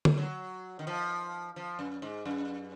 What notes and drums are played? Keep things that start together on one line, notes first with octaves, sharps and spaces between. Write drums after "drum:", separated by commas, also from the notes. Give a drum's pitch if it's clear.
drum: tom D3
F#3
D#3
F3
F3
F#2
G#2
F#2